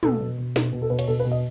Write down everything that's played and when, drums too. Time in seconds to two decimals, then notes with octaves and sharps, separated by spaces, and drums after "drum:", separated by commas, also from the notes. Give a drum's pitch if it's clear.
0.03 B2 A4, drum: tom
0.20 B2
0.38 B2
0.56 B2, drum: snare
0.73 B2
0.82 A4
0.90 B2 B4
0.99 C#5, drum: cymbal
1.08 B2 A4
1.20 B4
1.25 B2
1.32 D#5